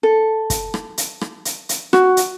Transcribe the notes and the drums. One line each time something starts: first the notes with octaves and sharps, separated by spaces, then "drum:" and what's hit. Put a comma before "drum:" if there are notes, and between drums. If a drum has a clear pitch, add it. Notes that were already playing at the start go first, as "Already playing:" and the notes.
A4
drum: kick, hi-hat
drum: rim click
drum: hi-hat
drum: rim click
drum: hi-hat
drum: hi-hat
F#4, drum: rim click
drum: hi-hat